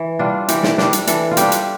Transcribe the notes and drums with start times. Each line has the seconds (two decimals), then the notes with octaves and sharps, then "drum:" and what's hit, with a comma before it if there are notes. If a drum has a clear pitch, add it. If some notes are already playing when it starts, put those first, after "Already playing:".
Already playing: E3
0.19 G3 D4 F4
0.48 E3 G4, drum: hi-hat
0.63 D5, drum: snare
0.78 G3 D4 D5, drum: snare
0.93 drum: hi-hat
1.07 E3 A4, drum: hi-hat
1.31 F4
1.37 G3 D4 G4, drum: hi-hat
1.52 drum: hi-hat